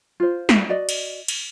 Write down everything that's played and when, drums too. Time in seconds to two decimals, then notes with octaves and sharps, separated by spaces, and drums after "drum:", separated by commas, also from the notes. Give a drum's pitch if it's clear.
0.20 F4 C5
0.49 drum: snare
0.69 F#4 D5 D#5
0.89 drum: cymbal
1.28 drum: cymbal